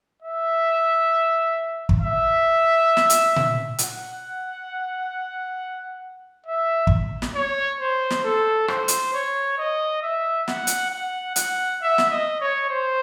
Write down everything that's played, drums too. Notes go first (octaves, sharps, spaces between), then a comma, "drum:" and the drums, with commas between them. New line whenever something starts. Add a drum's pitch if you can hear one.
E5
drum: kick
E5
drum: snare
drum: hi-hat
drum: tom A#2
F#5, drum: hi-hat
E5
drum: kick
drum: snare
C#5
C5
drum: snare
A4
C5, drum: rim click
drum: hi-hat
C#5
D#5
E5
F#5, drum: snare
drum: hi-hat
F#5
F#5, drum: hi-hat
E5
drum: snare
D#5
C#5
C5